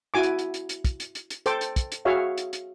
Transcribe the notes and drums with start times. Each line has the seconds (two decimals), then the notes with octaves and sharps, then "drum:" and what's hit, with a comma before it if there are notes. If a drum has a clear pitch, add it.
0.14 E4 F#4 G#5 D6
0.23 drum: hi-hat
0.39 drum: hi-hat
0.54 drum: hi-hat
0.69 drum: hi-hat
0.85 drum: kick, hi-hat
1.00 drum: hi-hat
1.15 drum: hi-hat
1.30 drum: hi-hat
1.46 A4 C5 G5 D6, drum: hi-hat
1.61 drum: hi-hat
1.76 drum: kick, hi-hat
1.92 drum: hi-hat
2.05 F#4 G#4 C#5 E5 F5
2.38 drum: hi-hat
2.53 drum: hi-hat